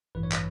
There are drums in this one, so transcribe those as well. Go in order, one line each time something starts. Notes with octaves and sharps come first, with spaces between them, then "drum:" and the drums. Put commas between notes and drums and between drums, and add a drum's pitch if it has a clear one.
A1 G2 E3 B4
C#5
B4, drum: clap